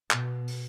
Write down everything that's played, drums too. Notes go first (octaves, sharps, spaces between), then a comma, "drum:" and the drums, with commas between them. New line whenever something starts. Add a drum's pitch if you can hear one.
B2, drum: clap
drum: open hi-hat